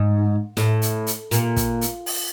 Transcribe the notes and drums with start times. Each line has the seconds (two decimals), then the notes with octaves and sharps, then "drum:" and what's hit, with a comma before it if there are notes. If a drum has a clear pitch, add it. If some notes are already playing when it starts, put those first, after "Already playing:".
Already playing: G#2
0.57 A2, drum: snare
0.82 drum: hi-hat
1.07 drum: hi-hat
1.31 A#2, drum: hi-hat
1.56 drum: kick, hi-hat
1.81 drum: hi-hat
2.06 drum: open hi-hat